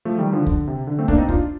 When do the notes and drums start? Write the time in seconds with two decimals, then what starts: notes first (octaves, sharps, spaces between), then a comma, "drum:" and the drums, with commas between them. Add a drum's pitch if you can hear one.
0.05 F3 A3
0.18 D#3 G3
0.32 D3 F3
0.46 D3, drum: kick
0.67 C3
0.87 D3
0.99 A3 C4
1.08 A#3 D4, drum: kick
1.18 C4 D#4
1.29 D4 F4, drum: kick